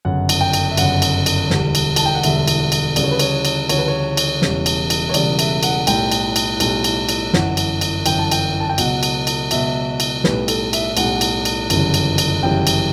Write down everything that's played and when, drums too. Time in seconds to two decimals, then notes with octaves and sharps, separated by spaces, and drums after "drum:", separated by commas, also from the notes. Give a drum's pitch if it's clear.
0.05 G1 F#2 C#3 F#5
0.29 drum: cymbal
0.41 G5
0.53 drum: cymbal
0.71 E5
0.77 G1 F#2 C#3 F#5, drum: cymbal
1.02 drum: cymbal
1.26 drum: cymbal
1.50 E1 D2 D3 G3, drum: snare
1.75 drum: cymbal
1.96 A5, drum: cymbal
2.06 G5
2.15 F#5
2.23 E1 D2 D3 G3 E5, drum: cymbal
2.48 drum: cymbal
2.72 drum: cymbal
2.96 D2 C#3 E3 G3 D5, drum: cymbal
3.04 C#5
3.11 B4
3.19 C#5, drum: cymbal
3.45 drum: cymbal
3.69 D2 C#3 E3 G3 C#5, drum: cymbal
3.78 B4
3.88 C#5
4.17 drum: cymbal
4.42 E1 E2 C#3 G3, drum: snare
4.66 drum: cymbal
4.90 drum: cymbal
5.09 C#5
5.14 E1 E2 C#3 G3 D5, drum: cymbal
5.39 E5, drum: cymbal
5.63 F#5, drum: cymbal
5.87 B1 A2 G3 G5, drum: cymbal
6.12 drum: cymbal
6.36 drum: cymbal
6.60 B1 A2 G3, drum: cymbal
6.84 drum: cymbal
7.09 drum: cymbal
7.33 G1 F#2 E3 F#5, drum: snare
7.57 drum: cymbal
7.81 drum: cymbal
8.06 G1 F#2 E3 G5, drum: cymbal
8.19 A5
8.31 G5, drum: cymbal
8.60 A5
8.69 G5
8.78 C#2 B2 F#3 F#5, drum: cymbal
9.03 drum: cymbal
9.27 drum: cymbal
9.51 C#2 B2 F#3 E5, drum: cymbal
10.00 drum: cymbal
10.24 B1 A2 G3 B4, drum: snare
10.48 A4, drum: cymbal
10.73 E5, drum: cymbal
10.97 B1 A2 G3 F#5, drum: cymbal
11.21 drum: cymbal
11.45 drum: cymbal
11.70 G1 F#2 C#3 E3 G3, drum: cymbal
11.94 drum: cymbal
12.18 drum: cymbal
12.42 G1 F#2 C#3 E3 G3 G5
12.67 drum: cymbal